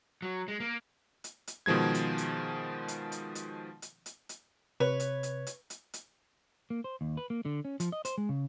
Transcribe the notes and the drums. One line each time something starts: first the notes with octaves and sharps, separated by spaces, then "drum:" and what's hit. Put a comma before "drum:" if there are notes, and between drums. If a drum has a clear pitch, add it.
F#3
G#3
A#3
drum: hi-hat
drum: hi-hat
B2 D#3 F3 G#3 G#6
drum: hi-hat
drum: hi-hat
drum: hi-hat
drum: hi-hat
drum: hi-hat
drum: hi-hat
drum: hi-hat
drum: hi-hat
C3 B4 C#5
drum: hi-hat
drum: hi-hat
drum: hi-hat
drum: hi-hat
drum: hi-hat
A#3
C5
D#2
B4
A#3
D3
C#4
F3, drum: hi-hat
D#5
C5, drum: hi-hat
G#3
C#3